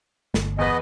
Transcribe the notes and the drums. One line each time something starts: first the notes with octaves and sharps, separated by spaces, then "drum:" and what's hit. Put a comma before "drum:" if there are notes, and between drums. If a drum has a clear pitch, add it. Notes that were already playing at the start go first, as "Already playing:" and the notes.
G1, drum: snare
E2 B3 B4 D#5